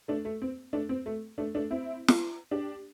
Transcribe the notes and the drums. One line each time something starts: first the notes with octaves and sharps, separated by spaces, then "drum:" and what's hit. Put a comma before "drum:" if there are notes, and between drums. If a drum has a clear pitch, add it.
A3 D4
A3
C4
A3 D4
C4
A3
A3 D4
A3 D4
C4 E4
drum: snare
D4 G4